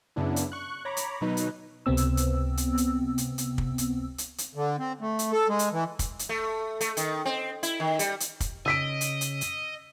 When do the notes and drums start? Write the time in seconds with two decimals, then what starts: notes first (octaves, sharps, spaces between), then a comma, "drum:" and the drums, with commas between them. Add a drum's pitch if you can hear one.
0.16 F#2 C#3 B3 D4 E4
0.36 drum: hi-hat
0.52 C#6 F#6
0.85 C#5 A#5 B5 D6
0.97 drum: hi-hat
1.21 B2 D#3 F#3 D#4 B4
1.37 drum: hi-hat
1.86 C#2 C3 B3 C4 E6
1.97 drum: hi-hat
2.17 drum: hi-hat
2.57 drum: hi-hat
2.78 drum: hi-hat
3.18 drum: hi-hat
3.38 drum: hi-hat
3.58 drum: kick
3.78 drum: hi-hat
4.18 drum: hi-hat
4.38 drum: hi-hat
4.55 D3
4.79 C4
5.01 A3
5.19 drum: hi-hat
5.32 A4
5.48 G#3
5.59 drum: hi-hat
5.72 E3
5.99 drum: kick, hi-hat
6.19 drum: hi-hat
6.29 A3
6.81 A3, drum: hi-hat
6.97 D#3, drum: hi-hat
7.26 C4
7.63 E4, drum: hi-hat
7.80 D#3
7.99 G3, drum: hi-hat
8.20 drum: hi-hat
8.40 drum: kick, hi-hat
8.66 C#3 D#5 E6 B6 D7
9.01 drum: hi-hat
9.21 drum: hi-hat
9.41 drum: hi-hat